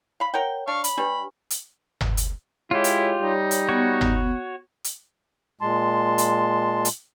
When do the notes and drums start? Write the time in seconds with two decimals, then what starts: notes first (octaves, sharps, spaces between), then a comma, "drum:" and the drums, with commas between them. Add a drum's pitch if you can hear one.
0.20 F5 B5
0.34 A#4 C#5 F#5 G5
0.67 D4 F5 C#6
0.84 B5, drum: hi-hat
0.98 G3 D4 G4 B4
1.50 drum: hi-hat
2.01 drum: tom G1
2.17 drum: hi-hat
2.71 G#3 E4 F4 G4 C#5
2.84 drum: hi-hat
3.21 G3 D#4
3.51 drum: hi-hat
3.69 B3 F#4 C#5
4.01 drum: tom G1
4.84 drum: hi-hat
5.61 A#2 G#3 A5 C6
6.18 drum: hi-hat
6.85 drum: hi-hat